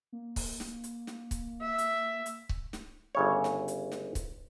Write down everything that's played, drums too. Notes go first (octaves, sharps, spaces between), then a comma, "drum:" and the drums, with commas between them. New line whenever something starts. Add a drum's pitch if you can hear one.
A#3
drum: kick C#1, open hi-hat
drum: snare
drum: hi-hat
drum: snare
drum: kick C#1, hi-hat
E5
drum: hi-hat
drum: hi-hat
drum: kick C#1
drum: snare
G1 C#3 C#5
drum: snare
drum: hi-hat
drum: snare
drum: kick C#1, hi-hat